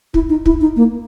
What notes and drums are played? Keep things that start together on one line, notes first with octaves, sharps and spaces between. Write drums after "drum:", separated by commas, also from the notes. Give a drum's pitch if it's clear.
E4, drum: kick
D#4
E4, drum: kick
D#4
A#3